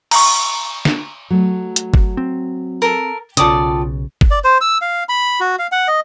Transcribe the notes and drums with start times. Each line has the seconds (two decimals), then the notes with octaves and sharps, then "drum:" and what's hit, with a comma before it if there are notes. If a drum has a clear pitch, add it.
0.11 A#5 C#6, drum: cymbal
0.85 drum: snare
1.30 F#3 A3
1.76 drum: hi-hat
1.94 drum: kick G1
2.17 C4
2.82 A4 A#4
3.37 B1 C#3 F4 A4 D5 G5 D#6, drum: hi-hat
4.21 drum: kick G1
4.31 D5
4.44 C5
4.61 E6
4.82 F5
5.09 B5
5.40 F#4
5.59 F5
5.72 F#5
5.88 D#5